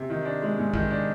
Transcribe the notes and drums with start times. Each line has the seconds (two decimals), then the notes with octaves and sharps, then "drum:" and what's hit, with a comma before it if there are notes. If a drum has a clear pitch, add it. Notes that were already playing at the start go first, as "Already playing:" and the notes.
Already playing: C3
0.10 D#3
0.25 D4
0.42 G#3
0.58 G#2
0.74 D#3, drum: kick A#1
0.90 D4